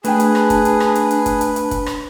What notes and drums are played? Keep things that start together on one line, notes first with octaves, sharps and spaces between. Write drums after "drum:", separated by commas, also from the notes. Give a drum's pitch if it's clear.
A3 D4 G#4 B4 G5, drum: hi-hat
drum: hi-hat
drum: rim click
drum: kick, hi-hat
drum: hi-hat
drum: rim click
drum: hi-hat
drum: hi-hat
drum: kick, hi-hat
drum: hi-hat
drum: hi-hat
drum: kick, hi-hat
drum: rim click